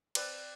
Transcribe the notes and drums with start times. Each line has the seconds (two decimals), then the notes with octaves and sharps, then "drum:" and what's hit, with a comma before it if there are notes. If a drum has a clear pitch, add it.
0.15 C4 B4 D5, drum: cymbal